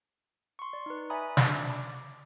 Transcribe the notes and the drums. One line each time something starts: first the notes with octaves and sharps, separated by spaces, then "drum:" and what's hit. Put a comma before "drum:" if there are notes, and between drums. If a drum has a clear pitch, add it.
C6 C#6
D5
D#4 B4
D5 E5 G#5 A#5 B5 D#6
D4 D5, drum: snare
D6